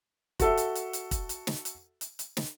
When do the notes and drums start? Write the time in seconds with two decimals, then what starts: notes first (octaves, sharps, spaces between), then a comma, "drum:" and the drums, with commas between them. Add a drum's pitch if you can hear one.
0.40 F#4 A4 E5, drum: kick, hi-hat
0.57 drum: hi-hat
0.75 drum: hi-hat
0.93 drum: hi-hat
1.11 drum: kick, hi-hat
1.29 drum: hi-hat
1.47 drum: snare
1.65 drum: hi-hat
2.01 drum: hi-hat
2.19 drum: hi-hat
2.37 drum: snare